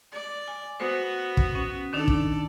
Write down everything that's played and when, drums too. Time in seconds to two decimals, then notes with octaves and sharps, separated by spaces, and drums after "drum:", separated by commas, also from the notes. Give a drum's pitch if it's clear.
0.12 D5
0.48 G#5
0.80 B3 F#4 C5
1.37 drum: kick
1.55 C#4
1.93 D#3 D4 D#4 A4 D5
2.08 drum: kick